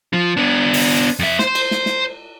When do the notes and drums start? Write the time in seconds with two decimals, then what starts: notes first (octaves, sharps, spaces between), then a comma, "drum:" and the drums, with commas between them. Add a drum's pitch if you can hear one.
0.13 F3
0.37 B3 D4
0.74 drum: open hi-hat
1.19 F2 E5
1.39 C5 C6, drum: snare
1.55 drum: cymbal
1.71 drum: snare
1.86 drum: snare